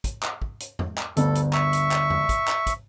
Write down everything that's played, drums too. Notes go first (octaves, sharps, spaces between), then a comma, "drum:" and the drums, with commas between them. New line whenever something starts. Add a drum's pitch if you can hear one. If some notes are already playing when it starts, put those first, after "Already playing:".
drum: kick, hi-hat
drum: clap
drum: kick
drum: hi-hat
drum: tom E2
drum: clap
G1 D2 A4, drum: hi-hat
drum: hi-hat
E5 C#6, drum: clap
drum: hi-hat
drum: clap
drum: tom E2
drum: kick, hi-hat
drum: clap
drum: kick, hi-hat